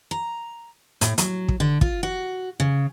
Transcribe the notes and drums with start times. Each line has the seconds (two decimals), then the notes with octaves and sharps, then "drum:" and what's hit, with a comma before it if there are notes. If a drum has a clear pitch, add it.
0.11 A#5
1.01 A2, drum: hi-hat
1.18 F#3, drum: hi-hat
1.48 drum: kick
1.60 D3
1.81 F4, drum: kick
2.03 F#4
2.60 C#3